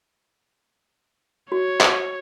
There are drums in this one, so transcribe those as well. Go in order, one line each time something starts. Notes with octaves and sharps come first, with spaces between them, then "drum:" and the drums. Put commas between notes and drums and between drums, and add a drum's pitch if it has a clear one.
F#4 C#5
drum: clap